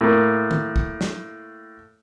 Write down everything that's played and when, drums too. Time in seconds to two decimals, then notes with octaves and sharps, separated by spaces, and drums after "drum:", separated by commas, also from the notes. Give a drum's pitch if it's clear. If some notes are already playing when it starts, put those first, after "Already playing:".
0.01 A2 A#3
0.51 drum: tom D#3
0.76 drum: kick
1.01 drum: snare